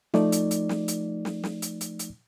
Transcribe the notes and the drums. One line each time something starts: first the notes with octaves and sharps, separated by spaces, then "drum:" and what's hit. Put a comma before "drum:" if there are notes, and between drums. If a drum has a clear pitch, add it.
F3 A3 D#4 D5, drum: snare
drum: hi-hat
drum: hi-hat
drum: snare
drum: hi-hat
drum: snare
drum: snare
drum: hi-hat
drum: hi-hat
drum: hi-hat